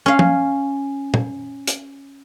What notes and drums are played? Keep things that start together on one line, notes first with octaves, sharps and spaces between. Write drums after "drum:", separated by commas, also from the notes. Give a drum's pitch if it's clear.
C#4 F5
drum: tom
drum: tom
drum: hi-hat